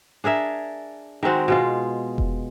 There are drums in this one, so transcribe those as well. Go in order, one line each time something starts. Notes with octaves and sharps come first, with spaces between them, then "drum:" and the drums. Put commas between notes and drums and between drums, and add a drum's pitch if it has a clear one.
D4 G#4 A#4 E5
D#3 G#3 C4 F#4
B2 G#3 F4
drum: kick F1